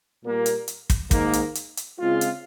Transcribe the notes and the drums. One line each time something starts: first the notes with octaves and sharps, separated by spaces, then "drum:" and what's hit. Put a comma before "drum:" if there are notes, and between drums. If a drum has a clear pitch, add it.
A#2 G3 A#3
drum: hi-hat
drum: hi-hat
drum: kick, hi-hat
G#2 D#3 A#3, drum: kick, hi-hat
drum: hi-hat
drum: hi-hat
drum: hi-hat
C#3 G#3 C4 F4
drum: hi-hat